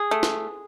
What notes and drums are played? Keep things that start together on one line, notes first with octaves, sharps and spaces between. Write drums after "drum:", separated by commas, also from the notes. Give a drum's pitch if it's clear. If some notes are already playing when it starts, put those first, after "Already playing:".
Already playing: G#4
A3
drum: snare